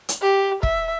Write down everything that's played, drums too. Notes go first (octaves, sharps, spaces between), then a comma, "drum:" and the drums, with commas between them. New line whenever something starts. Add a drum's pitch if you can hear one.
drum: hi-hat
G4
E5, drum: kick